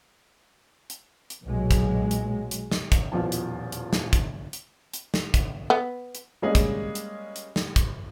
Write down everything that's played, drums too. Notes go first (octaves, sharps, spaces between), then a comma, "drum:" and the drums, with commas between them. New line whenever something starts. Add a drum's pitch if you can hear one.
drum: hi-hat
drum: hi-hat
B1 A#2 F#3 G#3
drum: kick, hi-hat
drum: hi-hat
drum: hi-hat
drum: snare
drum: kick, hi-hat
D#1 E2 B2 F3 A5
drum: hi-hat
drum: hi-hat
drum: snare
drum: kick, hi-hat
drum: hi-hat
drum: hi-hat
drum: snare
drum: kick, hi-hat
B3
drum: hi-hat
G3 G#3 A#3 C#4 G#4 D#5
drum: kick, hi-hat
drum: hi-hat
drum: hi-hat
drum: snare
drum: kick, hi-hat